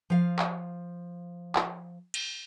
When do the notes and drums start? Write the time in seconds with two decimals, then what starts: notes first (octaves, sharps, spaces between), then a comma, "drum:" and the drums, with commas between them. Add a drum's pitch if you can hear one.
0.10 F3 F5
0.39 drum: clap
1.56 drum: clap
2.14 drum: cymbal